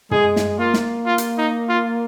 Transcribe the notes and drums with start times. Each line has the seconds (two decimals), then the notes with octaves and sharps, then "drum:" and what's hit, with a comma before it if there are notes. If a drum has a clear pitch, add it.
0.11 G#3 G#4, drum: tom
0.36 drum: snare
0.59 A#3 F4
0.74 drum: snare
1.06 F4
1.18 drum: hi-hat
1.37 D#4
1.69 F4